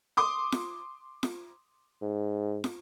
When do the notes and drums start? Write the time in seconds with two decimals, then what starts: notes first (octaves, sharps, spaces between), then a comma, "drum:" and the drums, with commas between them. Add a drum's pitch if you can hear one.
0.17 C6 D6 D#6
0.52 drum: snare
1.23 drum: snare
2.02 G#2
2.64 drum: snare